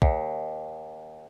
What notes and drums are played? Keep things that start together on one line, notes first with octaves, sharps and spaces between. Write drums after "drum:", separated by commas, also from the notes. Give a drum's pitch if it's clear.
D#2, drum: kick